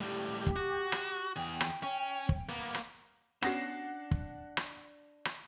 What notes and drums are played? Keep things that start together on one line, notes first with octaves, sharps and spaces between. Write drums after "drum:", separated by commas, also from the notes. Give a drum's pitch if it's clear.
A2 G3 G4
drum: kick
F#4
drum: rim click
E2 G#4 G5
drum: rim click
C#4
drum: kick
A#3 B3
drum: rim click
B3 C#4 D4 F#4 F#5 A#6 C7, drum: rim click
drum: kick
drum: rim click
drum: rim click